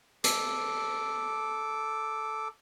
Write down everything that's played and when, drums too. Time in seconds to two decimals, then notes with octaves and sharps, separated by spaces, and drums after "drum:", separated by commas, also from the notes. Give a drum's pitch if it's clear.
0.24 A4 D6, drum: hi-hat